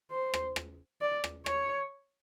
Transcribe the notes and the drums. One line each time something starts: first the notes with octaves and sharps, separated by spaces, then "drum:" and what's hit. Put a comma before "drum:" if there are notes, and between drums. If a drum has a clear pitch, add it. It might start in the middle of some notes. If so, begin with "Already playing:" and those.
C5
drum: rim click
drum: rim click
D5
drum: rim click
C#5, drum: rim click